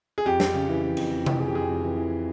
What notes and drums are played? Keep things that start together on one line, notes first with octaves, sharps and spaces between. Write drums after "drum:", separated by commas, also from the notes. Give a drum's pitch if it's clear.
G#4
F2 G4
F2, drum: snare
C#3
E3
E3
F2, drum: cymbal
F2
F2, drum: tom C3
F2 G#4
G4
F2 G#4
F2
E3
E3